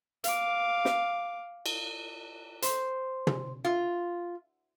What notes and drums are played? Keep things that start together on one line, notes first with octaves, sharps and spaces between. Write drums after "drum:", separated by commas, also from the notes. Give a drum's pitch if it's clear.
F5 D6, drum: hi-hat
drum: snare
drum: cymbal
C5, drum: hi-hat
drum: tom
F4